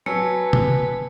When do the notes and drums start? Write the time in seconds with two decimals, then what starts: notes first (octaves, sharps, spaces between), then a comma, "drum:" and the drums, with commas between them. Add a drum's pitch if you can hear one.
0.06 F#3 B4 G#5 A5 E6 C#7
0.53 drum: tom